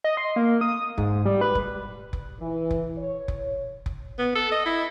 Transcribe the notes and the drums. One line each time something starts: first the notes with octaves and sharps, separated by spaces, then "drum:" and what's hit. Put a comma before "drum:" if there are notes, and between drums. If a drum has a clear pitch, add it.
D#5
C6
A#3
D#6
G#2, drum: kick F1
G3
B4
drum: kick F1
drum: kick F1
E3
drum: kick F1
C#5
drum: kick F1
drum: kick F1
B3
A4
D#5
E4